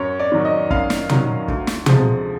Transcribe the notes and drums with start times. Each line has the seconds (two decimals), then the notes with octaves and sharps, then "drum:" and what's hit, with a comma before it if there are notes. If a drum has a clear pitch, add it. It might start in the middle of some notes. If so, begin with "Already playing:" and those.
Already playing: F#2 C#5
0.19 D5
0.32 D#3 F#3
0.45 D#5
0.70 F#2 F5, drum: kick
0.90 drum: snare
1.09 D#3 F#3, drum: tom
1.48 D2, drum: kick
1.67 drum: snare
1.86 C3 F3 G#3, drum: tom